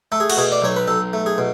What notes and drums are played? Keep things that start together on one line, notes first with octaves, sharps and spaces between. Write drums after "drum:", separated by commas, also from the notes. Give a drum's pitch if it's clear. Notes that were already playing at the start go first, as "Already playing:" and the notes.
A3 A4
G#4
F#4, drum: cymbal
B2 G#4
D5
B1 C#5
B4
B1 A4
A3
G#4
B2